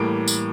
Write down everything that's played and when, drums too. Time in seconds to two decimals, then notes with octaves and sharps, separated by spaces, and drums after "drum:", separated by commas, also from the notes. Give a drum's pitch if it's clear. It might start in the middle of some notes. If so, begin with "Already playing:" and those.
Already playing: A2 E3 G3 A#3 D7
0.28 drum: tambourine